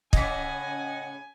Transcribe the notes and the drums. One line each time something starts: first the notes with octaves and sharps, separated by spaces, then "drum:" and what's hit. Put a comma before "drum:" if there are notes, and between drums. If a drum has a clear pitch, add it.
A2 C#3 D#5 F#5 G#5 B6, drum: kick